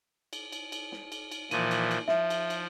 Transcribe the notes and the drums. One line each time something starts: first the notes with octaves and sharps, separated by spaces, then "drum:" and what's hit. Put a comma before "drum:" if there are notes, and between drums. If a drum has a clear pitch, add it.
drum: cymbal
drum: cymbal
drum: cymbal
drum: snare
drum: cymbal
drum: cymbal
A#2 E3 F3 D#7, drum: cymbal
drum: cymbal
drum: cymbal
F3 E5, drum: snare
drum: cymbal
drum: cymbal